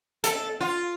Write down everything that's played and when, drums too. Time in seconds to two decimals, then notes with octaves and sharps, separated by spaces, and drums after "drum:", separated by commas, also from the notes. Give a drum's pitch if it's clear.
0.24 A4, drum: hi-hat
0.60 F4